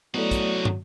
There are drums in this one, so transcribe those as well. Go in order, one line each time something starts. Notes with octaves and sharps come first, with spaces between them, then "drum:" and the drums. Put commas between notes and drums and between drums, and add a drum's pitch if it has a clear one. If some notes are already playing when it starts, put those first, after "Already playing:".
F#3 A3 B3 D#4 E4 F#4 A4 D5
drum: kick, hi-hat
drum: tom